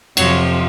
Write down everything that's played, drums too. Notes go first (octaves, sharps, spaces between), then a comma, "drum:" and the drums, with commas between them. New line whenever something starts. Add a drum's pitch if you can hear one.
F2 C3 F3 F#3 F#4, drum: cymbal